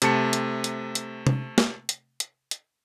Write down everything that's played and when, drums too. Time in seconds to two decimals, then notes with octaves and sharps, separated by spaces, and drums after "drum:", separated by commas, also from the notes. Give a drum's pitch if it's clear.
0.02 C3 A3 A5 C#7, drum: hi-hat
0.33 drum: hi-hat
0.64 drum: hi-hat
0.95 drum: hi-hat
1.27 drum: tom C3
1.58 drum: snare
1.89 drum: hi-hat
2.20 drum: hi-hat
2.51 drum: hi-hat